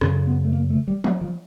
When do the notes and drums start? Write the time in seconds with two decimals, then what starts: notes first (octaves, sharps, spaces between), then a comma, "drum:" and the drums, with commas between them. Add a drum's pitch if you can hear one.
0.01 F#2 C#3 C#4, drum: rim click
0.27 B3
0.45 A3
0.53 A#3
0.70 A3
0.87 G3
1.04 F#3, drum: tom F3
1.21 F3